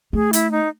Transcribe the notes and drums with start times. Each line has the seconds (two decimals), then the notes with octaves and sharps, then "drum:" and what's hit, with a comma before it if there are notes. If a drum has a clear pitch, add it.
0.13 A3 G#4
0.33 E4, drum: hi-hat
0.52 D#4